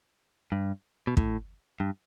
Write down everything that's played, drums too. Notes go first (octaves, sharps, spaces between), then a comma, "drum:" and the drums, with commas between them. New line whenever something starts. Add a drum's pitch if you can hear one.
G2
B2
A2, drum: kick
G2